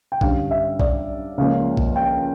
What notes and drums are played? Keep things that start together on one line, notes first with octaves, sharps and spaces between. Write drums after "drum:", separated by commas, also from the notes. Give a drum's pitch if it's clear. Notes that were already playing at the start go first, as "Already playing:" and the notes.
G5
G2 D3 G3 C#4 F5, drum: kick B1
E5
D5, drum: kick B1
C#2 C#3 F3 A#3 C#4 F5
drum: kick B1
G5